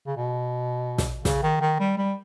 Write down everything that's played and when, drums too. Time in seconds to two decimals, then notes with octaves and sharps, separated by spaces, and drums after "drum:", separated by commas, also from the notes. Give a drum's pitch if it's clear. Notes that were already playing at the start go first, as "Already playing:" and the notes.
0.07 C#3
0.17 B2
0.98 drum: snare
1.25 C#3, drum: snare
1.43 D#3
1.61 D#3
1.80 G3
1.97 G3